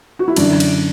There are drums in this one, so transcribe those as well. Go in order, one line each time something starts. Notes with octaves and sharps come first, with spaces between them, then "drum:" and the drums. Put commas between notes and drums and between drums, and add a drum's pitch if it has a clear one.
F#4
E4
F#2 D3 D4, drum: cymbal
drum: cymbal